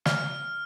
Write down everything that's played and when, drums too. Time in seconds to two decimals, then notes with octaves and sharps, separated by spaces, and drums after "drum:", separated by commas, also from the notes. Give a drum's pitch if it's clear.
0.06 F6, drum: snare